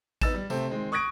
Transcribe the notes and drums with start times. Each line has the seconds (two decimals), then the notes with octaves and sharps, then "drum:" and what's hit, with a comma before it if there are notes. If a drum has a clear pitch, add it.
0.21 B3 D#4 E6 A6 E7, drum: kick A1, tambourine
0.34 G3
0.50 C3 A3 C4, drum: tambourine
0.70 D#3 G#3 C4
0.92 C#6 D#6 F#6 G#6 A#6 D7